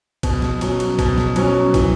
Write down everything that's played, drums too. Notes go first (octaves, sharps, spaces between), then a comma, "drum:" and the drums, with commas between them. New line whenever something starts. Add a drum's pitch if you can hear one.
B2, drum: kick, cymbal
drum: snare
F#3 C#4, drum: cymbal
drum: cymbal
B2, drum: kick, cymbal
drum: snare
F#3 C#4, drum: cymbal
E3, drum: kick, cymbal